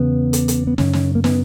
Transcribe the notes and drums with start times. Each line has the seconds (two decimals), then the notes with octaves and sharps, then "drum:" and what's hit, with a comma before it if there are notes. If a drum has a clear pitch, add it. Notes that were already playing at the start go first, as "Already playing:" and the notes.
Already playing: E2 C#3 B3
0.33 drum: hi-hat
0.48 drum: hi-hat
0.67 B3
0.78 F#2 C#3 C#4, drum: snare
0.93 drum: snare
1.15 A#3
1.24 B3, drum: snare